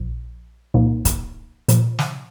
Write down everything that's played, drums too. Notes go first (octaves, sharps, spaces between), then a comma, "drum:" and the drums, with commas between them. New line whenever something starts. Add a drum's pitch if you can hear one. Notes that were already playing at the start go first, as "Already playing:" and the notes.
Already playing: A#1 A#2 F3
C2 A#2 F3 A#3 D#4
drum: kick, hi-hat
A#2 F3, drum: hi-hat
drum: snare